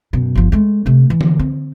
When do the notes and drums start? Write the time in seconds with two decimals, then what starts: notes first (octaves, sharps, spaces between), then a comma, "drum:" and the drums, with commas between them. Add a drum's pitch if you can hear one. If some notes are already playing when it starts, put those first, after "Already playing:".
0.13 F#2 B2
0.35 G1 F3
0.52 G#3 A3
0.86 C3 A3
1.10 E3
1.21 drum: tom D3
1.39 C4